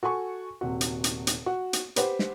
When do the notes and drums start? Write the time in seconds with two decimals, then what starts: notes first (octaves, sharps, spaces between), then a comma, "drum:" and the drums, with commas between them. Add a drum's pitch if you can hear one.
0.03 F#4 A4 G#5 C#6
0.61 D#1 C3 F#4
0.81 drum: hi-hat
1.04 drum: hi-hat
1.27 drum: hi-hat
1.46 F#4
1.73 drum: hi-hat
1.96 G4 B4 C5 F#5, drum: hi-hat
2.19 drum: snare